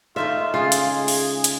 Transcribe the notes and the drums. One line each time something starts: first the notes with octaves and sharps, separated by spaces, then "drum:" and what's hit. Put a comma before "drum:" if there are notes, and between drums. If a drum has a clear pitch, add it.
A3 D#4 F4 A4 E5
C#3 G#3 F4 G#4
drum: hi-hat
drum: open hi-hat
drum: hi-hat